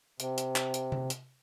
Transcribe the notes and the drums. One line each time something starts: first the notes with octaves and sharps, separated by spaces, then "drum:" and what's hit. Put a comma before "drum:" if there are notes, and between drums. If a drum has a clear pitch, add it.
C3, drum: hi-hat
drum: hi-hat
drum: clap
drum: hi-hat
drum: tom C3
drum: hi-hat